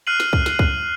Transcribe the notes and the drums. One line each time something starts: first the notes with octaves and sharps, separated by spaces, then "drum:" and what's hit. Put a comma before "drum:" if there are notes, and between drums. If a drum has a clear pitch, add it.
F6 F#6 C7 D#7 F#7
drum: snare
drum: kick
drum: snare
drum: kick